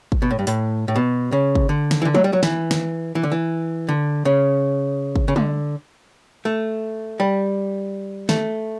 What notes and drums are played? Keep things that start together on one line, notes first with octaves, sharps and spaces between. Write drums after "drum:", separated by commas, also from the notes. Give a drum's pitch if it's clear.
drum: kick
B2
A2
G2
A2, drum: hi-hat
A2
B2
C#3
drum: kick
D3
drum: snare
E3
D3
F#3, drum: tom G3
G3
F#3
E3, drum: snare
drum: snare
E3
D3
E3
D3
C#3
drum: kick
C#3
D3, drum: tom G3
A3
G3
A3, drum: snare